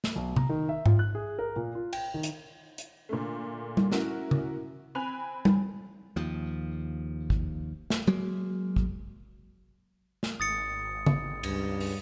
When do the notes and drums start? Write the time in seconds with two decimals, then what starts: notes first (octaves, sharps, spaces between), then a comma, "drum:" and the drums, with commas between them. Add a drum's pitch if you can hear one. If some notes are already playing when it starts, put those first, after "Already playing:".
0.04 drum: snare
0.16 B1
0.36 A#5, drum: tom C3
0.49 D#3
0.69 E5
0.86 F4, drum: tom G#2
0.99 F#6
1.15 G#4
1.39 A#4
1.56 A#2
1.75 F4
1.93 G5, drum: cymbal
2.14 D#3
2.23 drum: hi-hat
2.78 drum: hi-hat
3.09 A#2 D3 A3
3.77 drum: tom
3.91 C#4 E4 F#4 A#4, drum: snare
4.31 drum: tom C#3
4.95 C4 G#5 B5 F#6 F7
5.45 drum: tom
6.16 D#2 F3
7.30 drum: kick
7.90 drum: snare
8.07 F#3 G#3 A#3
8.76 drum: kick
10.23 drum: snare
10.40 G#1 D#6 A6 C#7
11.06 drum: tom C#3
11.43 C#2 G2, drum: cymbal
11.80 drum: open hi-hat